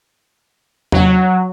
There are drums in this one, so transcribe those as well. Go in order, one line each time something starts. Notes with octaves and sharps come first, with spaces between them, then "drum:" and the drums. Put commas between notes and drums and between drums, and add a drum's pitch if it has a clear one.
F#3, drum: tom